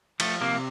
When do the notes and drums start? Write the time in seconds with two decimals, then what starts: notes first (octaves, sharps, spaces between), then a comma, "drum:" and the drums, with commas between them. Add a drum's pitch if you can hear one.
0.20 F3 A3, drum: cymbal
0.41 C3 A#3